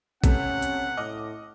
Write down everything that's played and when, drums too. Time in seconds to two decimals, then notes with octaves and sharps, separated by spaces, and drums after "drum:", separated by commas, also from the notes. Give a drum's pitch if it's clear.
0.24 C3 A3 B3 C#4 F#5, drum: kick A#1, hi-hat
0.62 drum: hi-hat
0.97 A2 D#5 D6 F6